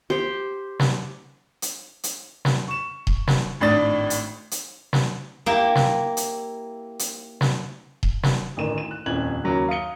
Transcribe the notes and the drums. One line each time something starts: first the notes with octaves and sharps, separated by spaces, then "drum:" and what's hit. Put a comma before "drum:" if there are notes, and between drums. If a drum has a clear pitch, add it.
G4 C5
drum: snare
drum: hi-hat
drum: hi-hat
drum: snare
C#6 E7
drum: kick D#1
drum: snare
G#1 A2 D4 D#6 A6
drum: hi-hat
drum: hi-hat
drum: snare
A#3 E4 G4
drum: snare
drum: hi-hat
drum: hi-hat
drum: snare
drum: kick D#1
drum: snare
A1 D2 D#3 E7
E7
F#6
D#1 F2 C#4 F#6 G#6 F#7
D#2 C#3 F#3
F5 D#6 C#7 G7